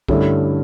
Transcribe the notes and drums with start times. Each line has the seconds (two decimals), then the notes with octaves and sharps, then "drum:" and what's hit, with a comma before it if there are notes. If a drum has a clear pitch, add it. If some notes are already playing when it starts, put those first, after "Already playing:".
0.08 G2 D3 A3 C#4 E4, drum: kick B1